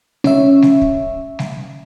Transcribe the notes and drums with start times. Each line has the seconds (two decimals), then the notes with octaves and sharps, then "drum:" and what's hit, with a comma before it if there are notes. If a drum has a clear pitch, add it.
0.24 C#4 E5, drum: snare G3
0.62 drum: snare G3
0.81 drum: kick
1.39 drum: snare G3